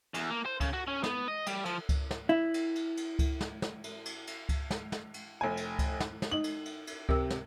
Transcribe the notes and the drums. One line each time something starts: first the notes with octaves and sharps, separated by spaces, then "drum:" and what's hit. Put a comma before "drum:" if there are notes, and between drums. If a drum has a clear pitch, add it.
E2, drum: cymbal
A#3
C5
C#3, drum: kick C#2, cymbal
F#4
C#4
B3, drum: snare
D#5
G3, drum: cymbal
F3, drum: cymbal
drum: kick C#2, cymbal
drum: snare
E4
drum: cymbal
drum: cymbal
drum: cymbal
drum: kick C#2, cymbal
drum: snare
drum: snare
drum: cymbal
drum: cymbal
drum: cymbal
drum: kick C#2, cymbal
drum: snare
drum: snare
drum: cymbal
F1 G#5
drum: cymbal
drum: kick C#2, cymbal
drum: snare
drum: snare
D#4 D#5 F#7
drum: cymbal
drum: cymbal
drum: cymbal
C3 A#4 E6, drum: kick C#2
drum: snare